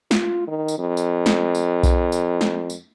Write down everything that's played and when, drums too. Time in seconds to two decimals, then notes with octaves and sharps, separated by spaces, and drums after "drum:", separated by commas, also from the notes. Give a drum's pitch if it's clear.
0.11 F4, drum: snare
0.47 D#3
0.68 drum: tambourine
0.78 F2
0.97 drum: tambourine
1.26 drum: snare
1.55 drum: tambourine
1.83 drum: kick B1, tambourine
2.12 drum: tambourine
2.41 drum: snare
2.70 drum: tambourine